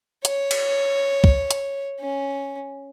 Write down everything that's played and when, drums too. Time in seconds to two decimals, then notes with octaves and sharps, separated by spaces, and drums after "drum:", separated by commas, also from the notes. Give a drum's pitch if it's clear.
0.25 C#5, drum: hi-hat
0.51 drum: cymbal
1.24 drum: kick
1.51 drum: hi-hat
2.01 C#4